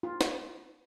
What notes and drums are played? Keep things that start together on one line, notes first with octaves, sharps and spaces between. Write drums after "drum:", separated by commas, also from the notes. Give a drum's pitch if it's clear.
F4
drum: snare